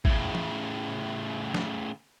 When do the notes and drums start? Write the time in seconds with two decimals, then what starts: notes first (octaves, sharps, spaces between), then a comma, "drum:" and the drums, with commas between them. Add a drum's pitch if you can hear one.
0.05 A2 C#3, drum: kick
0.35 drum: tom
1.54 drum: snare